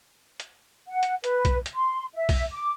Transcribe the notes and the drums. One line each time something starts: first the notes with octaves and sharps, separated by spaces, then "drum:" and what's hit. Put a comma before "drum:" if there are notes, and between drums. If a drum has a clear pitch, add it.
drum: hi-hat
F#5
drum: hi-hat
B4, drum: hi-hat
drum: kick B1, hi-hat
drum: hi-hat
C6
E5
drum: kick B1, open hi-hat
D6